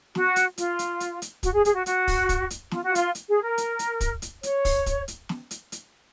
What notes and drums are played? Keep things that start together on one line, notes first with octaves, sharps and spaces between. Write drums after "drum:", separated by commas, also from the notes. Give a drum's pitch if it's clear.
F#4, drum: snare
drum: hi-hat
F4, drum: hi-hat
drum: hi-hat
drum: hi-hat
drum: hi-hat
F#4, drum: kick, hi-hat
G#4
G#4, drum: hi-hat
F#4
F#4, drum: hi-hat
drum: kick, open hi-hat
drum: kick, hi-hat
drum: hi-hat
F4, drum: snare
F#4
F4, drum: hi-hat
drum: hi-hat
G#4
A#4
drum: hi-hat
drum: hi-hat
drum: kick, hi-hat
drum: hi-hat
C#5, drum: hi-hat
drum: kick, open hi-hat
drum: kick, hi-hat
drum: hi-hat
drum: snare
drum: hi-hat
drum: hi-hat